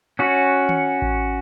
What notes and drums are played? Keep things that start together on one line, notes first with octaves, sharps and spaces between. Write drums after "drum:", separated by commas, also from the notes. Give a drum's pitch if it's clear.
C#4 F#4
drum: tom D#3
drum: kick A1